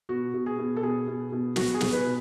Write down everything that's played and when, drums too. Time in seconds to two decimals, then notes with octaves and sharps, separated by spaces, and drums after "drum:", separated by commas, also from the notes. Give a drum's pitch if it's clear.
0.09 B2 F#4
0.34 B2
0.46 G#4
0.58 B2
0.76 A4
0.83 B2 G#4
1.07 B2
1.32 B2
1.56 B2 F#4, drum: snare
1.74 G#4
1.81 B2, drum: snare
1.93 B4
2.05 B2